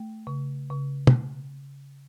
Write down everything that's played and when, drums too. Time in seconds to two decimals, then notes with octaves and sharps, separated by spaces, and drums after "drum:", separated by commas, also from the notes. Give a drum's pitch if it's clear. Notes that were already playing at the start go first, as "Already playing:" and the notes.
Already playing: A3
0.27 C#3
0.71 C#3
1.07 drum: tom